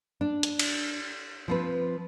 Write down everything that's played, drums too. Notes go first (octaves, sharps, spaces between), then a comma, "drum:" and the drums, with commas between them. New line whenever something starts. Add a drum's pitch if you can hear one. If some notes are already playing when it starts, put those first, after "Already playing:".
D4
drum: hi-hat
drum: cymbal
F3 C4 B4